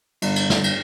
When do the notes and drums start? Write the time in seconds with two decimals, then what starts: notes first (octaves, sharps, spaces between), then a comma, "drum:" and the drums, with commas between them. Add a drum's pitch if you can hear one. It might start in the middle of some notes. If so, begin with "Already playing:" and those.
0.22 G1, drum: cymbal
0.36 drum: cymbal
0.50 drum: snare
0.64 drum: cymbal